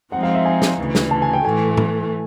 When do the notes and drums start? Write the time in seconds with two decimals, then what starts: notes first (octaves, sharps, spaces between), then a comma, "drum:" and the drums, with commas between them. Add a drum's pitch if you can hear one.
0.12 F3 G#3 C4 D#4 F#5
0.23 F5
0.35 E5
0.45 G#5
0.62 drum: snare
0.78 D2 C#3 E3
0.95 drum: snare
1.11 A5
1.22 G#5
1.33 G5
1.44 A2 E3 A3 G#5
1.77 drum: tom A2